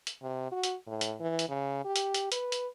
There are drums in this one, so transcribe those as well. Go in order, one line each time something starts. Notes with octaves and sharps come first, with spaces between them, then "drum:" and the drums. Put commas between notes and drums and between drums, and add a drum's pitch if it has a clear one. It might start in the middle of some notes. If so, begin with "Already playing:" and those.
drum: hi-hat
C3
F#4
drum: hi-hat
A2
drum: hi-hat
E3
drum: hi-hat
C#3
G4
drum: hi-hat
drum: hi-hat
B4, drum: hi-hat
drum: hi-hat